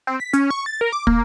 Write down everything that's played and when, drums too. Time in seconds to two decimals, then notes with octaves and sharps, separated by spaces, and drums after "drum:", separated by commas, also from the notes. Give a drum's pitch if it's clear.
0.07 C4
0.20 B6
0.33 C#4, drum: hi-hat
0.50 C#6
0.66 A6
0.81 A#4
0.92 D6
1.07 A#3, drum: kick